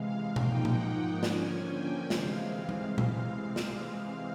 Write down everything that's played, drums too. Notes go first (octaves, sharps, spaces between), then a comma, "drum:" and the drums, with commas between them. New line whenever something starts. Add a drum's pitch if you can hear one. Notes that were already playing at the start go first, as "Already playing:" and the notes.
Already playing: C3 E3 G#3 F5
G#2 F3 A#3 D#4 G5, drum: tom B2
F#5, drum: tom A#2
G5
D3 F3 A#3 C#4 G#5, drum: snare
G5
C3 E3 G#3 C4 F5, drum: snare
drum: tom G3
drum: tom A#2
drum: snare